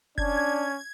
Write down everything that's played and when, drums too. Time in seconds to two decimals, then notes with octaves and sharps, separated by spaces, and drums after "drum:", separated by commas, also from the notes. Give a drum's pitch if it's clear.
0.18 C#4 D4 G#6, drum: kick F1